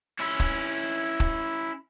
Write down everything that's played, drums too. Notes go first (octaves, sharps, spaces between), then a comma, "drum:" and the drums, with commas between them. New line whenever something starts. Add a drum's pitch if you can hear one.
C#4 E4
drum: kick
drum: kick